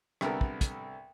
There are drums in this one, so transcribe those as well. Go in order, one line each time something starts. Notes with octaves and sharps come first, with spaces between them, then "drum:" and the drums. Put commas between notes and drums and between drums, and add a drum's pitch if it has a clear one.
C2 D3 B3 A4 A#4, drum: rim click
drum: kick
drum: kick, hi-hat